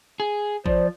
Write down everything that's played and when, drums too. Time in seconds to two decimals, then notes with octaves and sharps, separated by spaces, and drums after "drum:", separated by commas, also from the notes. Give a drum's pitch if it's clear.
0.20 G#4
0.66 F3 C5 D5, drum: kick A1